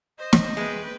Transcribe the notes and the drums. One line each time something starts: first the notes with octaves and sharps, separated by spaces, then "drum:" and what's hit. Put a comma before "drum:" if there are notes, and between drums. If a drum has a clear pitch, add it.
C5 D#5
drum: snare
G#3 B4 G5